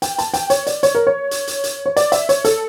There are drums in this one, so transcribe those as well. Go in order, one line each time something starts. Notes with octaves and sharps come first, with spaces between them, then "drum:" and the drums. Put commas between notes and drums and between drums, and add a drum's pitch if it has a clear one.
G5, drum: hi-hat
A5, drum: hi-hat
G5, drum: hi-hat
C#5, drum: hi-hat
D5, drum: hi-hat
C#5, drum: hi-hat
A#4
C#5
drum: hi-hat
drum: hi-hat
drum: hi-hat
C#5
D5, drum: hi-hat
E5, drum: hi-hat
C#5, drum: hi-hat
A4, drum: hi-hat